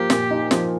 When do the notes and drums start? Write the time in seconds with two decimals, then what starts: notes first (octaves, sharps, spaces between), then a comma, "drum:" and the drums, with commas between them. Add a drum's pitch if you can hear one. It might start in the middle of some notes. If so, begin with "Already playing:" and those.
Already playing: F3 A#3 G4
0.10 A#2, drum: snare
0.31 D#4
0.51 F3, drum: snare